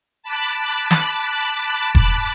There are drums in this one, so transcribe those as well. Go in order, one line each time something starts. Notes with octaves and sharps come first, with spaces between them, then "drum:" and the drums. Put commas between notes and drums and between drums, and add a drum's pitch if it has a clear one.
A5 B5 D6 F#6
drum: snare
drum: kick E1